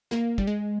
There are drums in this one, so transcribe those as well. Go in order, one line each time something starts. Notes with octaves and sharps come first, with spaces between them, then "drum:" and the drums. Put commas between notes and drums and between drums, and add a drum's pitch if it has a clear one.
A#3, drum: snare
G3, drum: kick
G#3